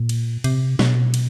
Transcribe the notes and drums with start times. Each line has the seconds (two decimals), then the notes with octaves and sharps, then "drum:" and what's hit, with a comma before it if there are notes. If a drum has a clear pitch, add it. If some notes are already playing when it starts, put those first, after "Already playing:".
Already playing: A#2
0.09 drum: cymbal
0.44 C3, drum: cymbal
0.79 B2, drum: snare
1.14 drum: cymbal